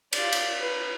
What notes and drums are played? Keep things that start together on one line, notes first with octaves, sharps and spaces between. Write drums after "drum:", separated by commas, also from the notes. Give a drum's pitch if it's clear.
F4 D5, drum: cymbal
drum: cymbal
B4